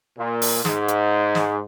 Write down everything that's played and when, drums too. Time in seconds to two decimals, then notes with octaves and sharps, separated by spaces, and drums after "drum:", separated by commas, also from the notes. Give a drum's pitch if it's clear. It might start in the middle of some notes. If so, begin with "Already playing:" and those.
0.18 A#2
0.42 drum: open hi-hat
0.65 G#2, drum: snare
0.88 drum: hi-hat
1.35 drum: snare